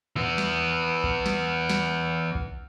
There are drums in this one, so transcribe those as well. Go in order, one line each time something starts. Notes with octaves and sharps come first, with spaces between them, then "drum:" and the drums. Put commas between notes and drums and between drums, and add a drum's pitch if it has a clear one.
E3 B3
drum: snare
drum: kick
drum: snare
drum: snare
drum: kick